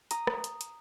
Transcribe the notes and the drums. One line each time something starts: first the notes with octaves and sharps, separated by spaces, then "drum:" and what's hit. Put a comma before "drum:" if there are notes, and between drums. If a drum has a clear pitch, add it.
A#5 D#6, drum: hi-hat
drum: rim click
drum: hi-hat
drum: hi-hat